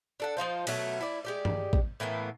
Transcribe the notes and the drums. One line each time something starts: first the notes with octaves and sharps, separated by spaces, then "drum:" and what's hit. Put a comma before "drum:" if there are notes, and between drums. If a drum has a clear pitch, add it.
D4 A4 F#5
F3 D#4 F4 C5
B2 F#3 A3, drum: cymbal
E4 D5
G#3 G4 D5
drum: tom G2
drum: kick
A2 E3 A#3 B3